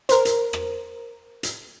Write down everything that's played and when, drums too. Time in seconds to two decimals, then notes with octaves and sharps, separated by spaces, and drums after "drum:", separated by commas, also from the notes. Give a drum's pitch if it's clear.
0.09 A#4 C5, drum: hi-hat
0.25 drum: hi-hat
0.53 drum: rim click
1.43 drum: hi-hat